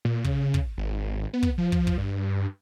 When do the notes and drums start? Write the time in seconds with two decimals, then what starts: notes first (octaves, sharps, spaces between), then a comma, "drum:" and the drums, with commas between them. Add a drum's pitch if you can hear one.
0.05 A#2
0.24 C#3, drum: kick
0.54 drum: kick
0.78 G#1
1.34 B3
1.43 drum: kick
1.58 F3
1.72 drum: kick
1.87 drum: kick
1.98 G2